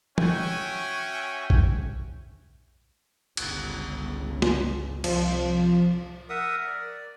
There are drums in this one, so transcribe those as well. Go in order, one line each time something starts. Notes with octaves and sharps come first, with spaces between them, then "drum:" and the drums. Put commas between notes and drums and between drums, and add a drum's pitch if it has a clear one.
C#4 F#4 E5 G5 G#5, drum: tom
drum: kick
G1 C#2 C#3, drum: cymbal
drum: snare
C2 F2 F3, drum: cymbal
A1
A#4 E5 F#5 D#6
D5